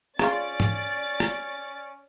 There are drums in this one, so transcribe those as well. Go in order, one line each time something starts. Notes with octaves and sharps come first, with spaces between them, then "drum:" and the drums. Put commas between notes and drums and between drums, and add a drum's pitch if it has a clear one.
C#3 C#4 F4 D5 A6, drum: rim click
drum: tom
drum: rim click